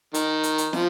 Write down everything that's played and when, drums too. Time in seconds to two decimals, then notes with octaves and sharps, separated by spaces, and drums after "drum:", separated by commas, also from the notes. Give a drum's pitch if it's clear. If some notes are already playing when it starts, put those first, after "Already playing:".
0.14 D#3, drum: hi-hat
0.43 drum: hi-hat
0.58 drum: hi-hat
0.73 F3, drum: snare